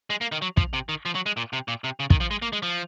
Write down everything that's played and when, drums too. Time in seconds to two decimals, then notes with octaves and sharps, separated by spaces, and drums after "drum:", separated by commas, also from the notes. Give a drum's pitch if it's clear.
0.10 G#3
0.21 A#3
0.32 D#3
0.42 F#3
0.57 F3, drum: kick
0.73 C3
0.89 D#3
1.06 F3
1.15 F#3
1.26 G#3
1.37 A#2
1.53 C3
1.68 A#2
1.84 C3
2.00 C#3
2.10 D#3, drum: kick
2.20 F3
2.31 G#3
2.42 A#3
2.53 G#3
2.63 F3